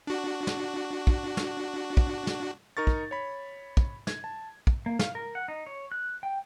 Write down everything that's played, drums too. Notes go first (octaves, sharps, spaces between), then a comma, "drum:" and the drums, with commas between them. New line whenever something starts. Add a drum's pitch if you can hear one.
D4 F#4
drum: snare
drum: kick
drum: snare
drum: kick
drum: snare
D#4 A#4 C#6 A6
drum: kick
C#5 B5
drum: kick
G#6, drum: snare
A5
drum: kick
A#3
F5, drum: snare
A#4
F#5
D#4
C#5
F#6
G5